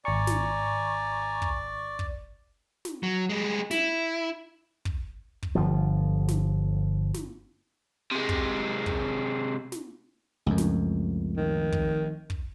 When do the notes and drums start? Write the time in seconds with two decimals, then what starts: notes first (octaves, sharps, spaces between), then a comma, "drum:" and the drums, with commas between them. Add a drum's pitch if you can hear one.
0.05 G#1 D5 G#5 A#5 C#6
0.27 drum: snare
1.42 drum: kick
1.99 drum: kick
2.85 drum: snare
3.03 F#3
3.29 G3 G#3
3.71 E4, drum: snare
4.85 drum: kick
5.43 drum: kick
5.55 G1 F3
6.28 drum: snare
7.14 drum: snare
8.11 C3 G#3
8.29 drum: kick
8.86 drum: kick
9.72 drum: snare
10.46 C#2 F#2 F3 A3 C4
10.58 drum: snare
11.37 D#3
11.72 drum: kick
12.30 drum: kick